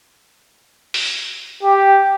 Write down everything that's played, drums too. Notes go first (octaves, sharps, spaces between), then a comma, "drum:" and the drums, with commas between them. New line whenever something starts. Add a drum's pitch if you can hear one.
drum: open hi-hat
G4